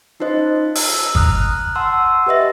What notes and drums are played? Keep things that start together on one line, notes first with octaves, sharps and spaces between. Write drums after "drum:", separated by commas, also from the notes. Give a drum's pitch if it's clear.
C#4 D#4 F4 C5 D#5
E6, drum: open hi-hat
A#5 D#6 F6 F#6, drum: kick
F#5 A5 C6 E6
G4 B4 D#5 E5